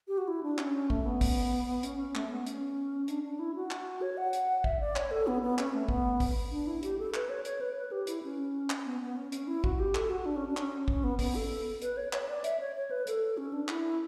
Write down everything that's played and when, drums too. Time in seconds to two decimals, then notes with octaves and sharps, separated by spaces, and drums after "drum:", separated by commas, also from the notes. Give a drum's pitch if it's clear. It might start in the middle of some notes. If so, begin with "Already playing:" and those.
0.08 G4
0.18 F#4
0.28 E4
0.43 D4
0.58 C#4, drum: clap
0.90 A3, drum: kick
1.06 B3
1.21 drum: kick, open hi-hat
1.83 C#4, drum: hi-hat
2.15 A3, drum: clap
2.30 B3
2.46 C#4, drum: hi-hat
3.08 D4, drum: hi-hat
3.24 D4
3.39 E4
3.55 F#4
3.71 drum: clap
4.02 C#5
4.18 F#5
4.33 drum: hi-hat
4.64 E5, drum: kick
4.80 D5
4.96 C#5, drum: clap
5.11 A4
5.27 B3
5.42 B3
5.58 C#4, drum: clap
5.74 A3
5.88 B3, drum: kick
6.20 drum: kick, open hi-hat
6.51 D4
6.67 E4
6.83 G4, drum: hi-hat
6.99 A4
7.14 B4, drum: clap
7.29 C#5
7.45 C#5, drum: hi-hat
7.61 B4
7.76 B4
7.92 G4
8.07 E4, drum: hi-hat
8.23 C#4
8.70 drum: clap
8.86 B3
9.01 B3
9.17 C#4
9.32 C#4, drum: hi-hat
9.47 E4
9.64 F#4, drum: kick
9.79 G4
9.95 A4, drum: clap
10.10 F#4
10.26 D4
10.36 C#4
10.47 D4
10.57 C#4, drum: clap
10.88 C#4, drum: kick
11.04 B3
11.19 B3, drum: kick, open hi-hat
11.35 A4
11.82 B4, drum: hi-hat
11.97 C#5
12.13 C#5, drum: clap
12.29 D5
12.44 E5, drum: hi-hat
12.60 C#5
12.76 C#5
12.91 B4
13.07 A4, drum: hi-hat
13.38 C#4
13.53 D4
13.68 E4, drum: clap